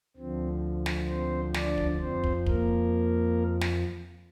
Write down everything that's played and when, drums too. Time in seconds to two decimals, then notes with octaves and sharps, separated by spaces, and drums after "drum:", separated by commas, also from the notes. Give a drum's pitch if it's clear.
0.17 D2 D3 F3 C4
0.86 drum: snare
1.09 C4 C5
1.54 D4 D5, drum: snare
1.78 drum: kick
2.00 F2 F3 C4 C5
2.24 drum: kick
2.46 A#3 A#4, drum: kick
3.61 drum: snare